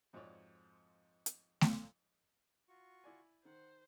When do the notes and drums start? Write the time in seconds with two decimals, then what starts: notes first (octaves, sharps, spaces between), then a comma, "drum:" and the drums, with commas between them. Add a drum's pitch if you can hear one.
0.13 F2 G#2 F3 F#4 C#5 D5
1.26 drum: hi-hat
1.61 drum: snare A3
2.68 F4 F#4 C#6
3.04 E4 D5 G#5
3.45 D#3 C5 F#5